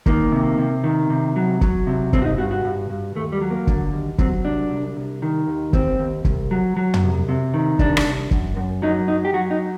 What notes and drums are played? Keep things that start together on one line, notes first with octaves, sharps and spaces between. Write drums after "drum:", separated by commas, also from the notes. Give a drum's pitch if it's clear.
D#3 A#3, drum: kick
C3
C3
D#3
C3
F#3
F#3, drum: kick
C3
G2 C4, drum: kick
F#4
D#4
G2 F#4
F#4
G2
G2
D#2 A3
G3
F#3
A#3
D3, drum: kick
D#2
F#3 C4, drum: kick
C2 D4
C2
C2
D#3
D#2
D#2 C4, drum: kick
D#2
C2, drum: kick
F#3
F#3
drum: tom
C2
C3
D#3
C2 D4, drum: kick
drum: rim click
C2
F#2, drum: kick
F#2
F#3 D#4
F#2 D#4
G4
F#3 F#4
D#4